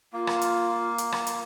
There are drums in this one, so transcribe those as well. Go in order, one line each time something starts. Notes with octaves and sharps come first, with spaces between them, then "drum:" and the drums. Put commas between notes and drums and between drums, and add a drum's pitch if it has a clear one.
A#3 F4
drum: rim click
drum: hi-hat
drum: hi-hat
drum: rim click
drum: hi-hat